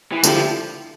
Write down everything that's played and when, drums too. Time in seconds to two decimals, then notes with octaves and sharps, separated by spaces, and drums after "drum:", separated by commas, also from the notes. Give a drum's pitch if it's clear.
0.12 E3
0.24 D3 F3 A3 E4 G4, drum: tambourine